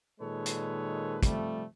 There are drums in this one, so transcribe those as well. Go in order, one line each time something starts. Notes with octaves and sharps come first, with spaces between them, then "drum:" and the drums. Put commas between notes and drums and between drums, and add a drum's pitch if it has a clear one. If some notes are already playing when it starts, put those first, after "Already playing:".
A#2 D#3 G#3 A4 B4 C#5
drum: hi-hat
C3 F3 G3 A3, drum: kick, hi-hat